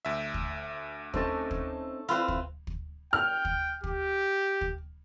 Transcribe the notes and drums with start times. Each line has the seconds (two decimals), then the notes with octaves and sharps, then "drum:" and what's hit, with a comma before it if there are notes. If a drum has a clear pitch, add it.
0.05 D2 E5
0.34 drum: kick
1.14 A3 C4 C#4 D#4 C5 A5, drum: kick
1.51 drum: kick
2.09 C4 E4 F4 B4 C5
2.28 drum: kick
2.67 drum: kick
3.13 G5 F6
3.45 drum: kick
3.84 G4, drum: kick
4.61 drum: kick